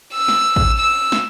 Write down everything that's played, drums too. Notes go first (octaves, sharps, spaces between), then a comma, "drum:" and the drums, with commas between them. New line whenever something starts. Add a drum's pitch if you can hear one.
E6
drum: snare
drum: kick
E6
drum: snare